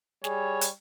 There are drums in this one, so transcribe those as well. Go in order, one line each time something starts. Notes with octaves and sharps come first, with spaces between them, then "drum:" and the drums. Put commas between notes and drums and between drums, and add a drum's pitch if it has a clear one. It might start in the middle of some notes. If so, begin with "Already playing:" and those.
G3 G#4 C#5, drum: snare
drum: hi-hat